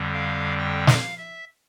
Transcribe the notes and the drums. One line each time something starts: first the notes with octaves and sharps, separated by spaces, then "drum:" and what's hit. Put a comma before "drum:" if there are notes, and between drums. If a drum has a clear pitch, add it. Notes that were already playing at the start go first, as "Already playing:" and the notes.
Already playing: F2 D3 G3
F5
G5
F5, drum: snare
E5